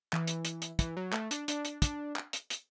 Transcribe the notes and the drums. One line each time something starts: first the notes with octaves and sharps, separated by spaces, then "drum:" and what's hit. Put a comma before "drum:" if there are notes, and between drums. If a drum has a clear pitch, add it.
E3, drum: clap
drum: hi-hat
drum: hi-hat
drum: hi-hat
E3, drum: kick, hi-hat
F#3
A3, drum: clap
D4, drum: hi-hat
D4, drum: hi-hat
drum: hi-hat
D4, drum: kick, hi-hat
drum: clap
drum: hi-hat
drum: hi-hat